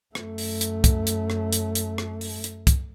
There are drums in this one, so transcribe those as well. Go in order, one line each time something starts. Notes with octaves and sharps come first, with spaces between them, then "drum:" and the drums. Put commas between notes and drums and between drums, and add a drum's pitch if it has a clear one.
F#2 A3, drum: rim click
drum: open hi-hat
drum: hi-hat
drum: kick, hi-hat
drum: hi-hat
drum: rim click
drum: hi-hat
drum: hi-hat
drum: rim click
drum: open hi-hat
drum: hi-hat
drum: kick, hi-hat